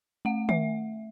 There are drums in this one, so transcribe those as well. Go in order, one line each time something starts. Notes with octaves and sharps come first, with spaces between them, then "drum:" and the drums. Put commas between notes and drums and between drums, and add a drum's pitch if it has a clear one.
A3 F#5
E5, drum: tom D#3